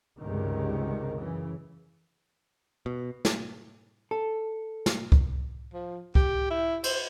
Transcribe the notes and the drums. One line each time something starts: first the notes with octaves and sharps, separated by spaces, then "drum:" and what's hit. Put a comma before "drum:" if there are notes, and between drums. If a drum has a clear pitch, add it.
C#2 G2 C3 D#3
F#2 C#3 E3
B2
drum: snare
A4
drum: snare
drum: kick C2
F3
G4, drum: kick C2
E4
C5, drum: cymbal